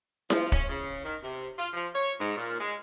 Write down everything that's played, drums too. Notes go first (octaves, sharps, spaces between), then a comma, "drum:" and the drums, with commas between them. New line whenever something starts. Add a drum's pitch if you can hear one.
F3, drum: snare E4
C#4, drum: kick
C#3
D#3
C3
F4
F3
C#5
G#2
A#2
G#3